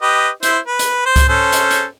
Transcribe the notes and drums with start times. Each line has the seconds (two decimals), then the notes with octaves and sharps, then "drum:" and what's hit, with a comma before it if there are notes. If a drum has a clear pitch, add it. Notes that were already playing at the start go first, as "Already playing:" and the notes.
0.02 G4 B4 D#5
0.43 E4 C5, drum: hi-hat
0.68 B4
0.79 drum: hi-hat
1.06 C5
1.16 drum: kick C#2, hi-hat
1.28 C#4 A4 C5
1.52 drum: hi-hat
1.71 drum: hi-hat